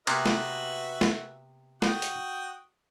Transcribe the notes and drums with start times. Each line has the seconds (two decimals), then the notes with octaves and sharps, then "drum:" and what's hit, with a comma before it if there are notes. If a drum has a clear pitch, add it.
0.07 C3 A#3 B3 F#4 B4 E5, drum: cymbal
0.26 drum: snare
1.01 drum: snare
1.82 F#4 G5 D#6, drum: snare
2.02 drum: hi-hat